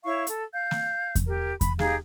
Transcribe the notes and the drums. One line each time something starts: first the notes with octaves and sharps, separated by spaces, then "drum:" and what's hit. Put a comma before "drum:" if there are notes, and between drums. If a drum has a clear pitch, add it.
E4 C#5 F5 C#6
A4, drum: hi-hat
F5 G6
drum: snare
drum: kick E2, hi-hat
G4 A#4
B5, drum: kick E2, hi-hat
D#4 G4 G#4 F5, drum: snare